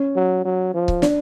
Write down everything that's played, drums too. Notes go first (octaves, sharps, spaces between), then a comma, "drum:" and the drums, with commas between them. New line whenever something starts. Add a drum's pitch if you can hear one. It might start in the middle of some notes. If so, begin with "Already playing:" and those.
Already playing: C#4
F#3
F#3
F3
drum: kick C#1
D4, drum: snare